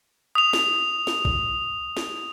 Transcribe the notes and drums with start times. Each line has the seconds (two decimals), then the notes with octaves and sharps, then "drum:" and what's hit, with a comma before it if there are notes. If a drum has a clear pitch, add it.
0.35 D#6 F7
0.53 drum: snare
1.07 drum: snare
1.25 drum: kick
1.97 drum: snare